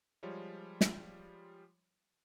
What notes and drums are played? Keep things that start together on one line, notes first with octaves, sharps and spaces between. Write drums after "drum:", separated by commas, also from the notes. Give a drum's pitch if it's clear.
F3 G3 G#3 F4 C#5
drum: snare